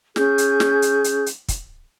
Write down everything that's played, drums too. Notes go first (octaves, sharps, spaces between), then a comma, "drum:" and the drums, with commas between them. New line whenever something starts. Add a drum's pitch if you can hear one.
C#4 G#4 G6, drum: snare
drum: hi-hat
drum: snare
drum: hi-hat
drum: hi-hat
drum: hi-hat
drum: kick, hi-hat